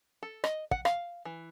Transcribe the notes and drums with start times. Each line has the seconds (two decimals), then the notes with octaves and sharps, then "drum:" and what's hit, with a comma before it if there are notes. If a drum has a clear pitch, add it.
0.23 A4
0.44 D#5, drum: rim click
0.71 F#5, drum: kick
0.85 F5, drum: rim click
1.25 E3